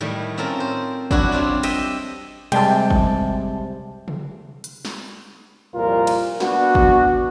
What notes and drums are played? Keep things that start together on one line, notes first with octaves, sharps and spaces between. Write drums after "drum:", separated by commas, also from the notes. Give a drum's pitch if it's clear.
A2 D#3 G3 A3
C4 C#4 F4 A4 A#4
C5
D4 E4 F#4 C#5, drum: kick G#1
G3 C4 D4 F4
D#5 E5 G5, drum: cymbal
C3 G3 G#3 G5 A5, drum: cymbal
drum: kick G#1
drum: tom C3
drum: hi-hat
drum: snare
C2 F2 A#2 F4 A#4
drum: cymbal
B3 D4 F#4, drum: snare
drum: kick G#1